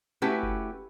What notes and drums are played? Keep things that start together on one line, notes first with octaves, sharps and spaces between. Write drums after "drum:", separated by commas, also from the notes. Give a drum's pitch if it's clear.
A3 C#4 E4 F#4 G4 B4
drum: kick F#1